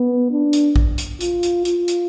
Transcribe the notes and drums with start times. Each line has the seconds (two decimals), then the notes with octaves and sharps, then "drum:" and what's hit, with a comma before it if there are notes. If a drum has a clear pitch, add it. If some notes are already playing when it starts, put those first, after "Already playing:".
Already playing: B3
0.31 D4
0.53 drum: hi-hat
0.76 drum: kick A#1
0.98 drum: hi-hat
1.21 F4, drum: hi-hat
1.43 drum: hi-hat
1.65 F4, drum: hi-hat
1.88 drum: hi-hat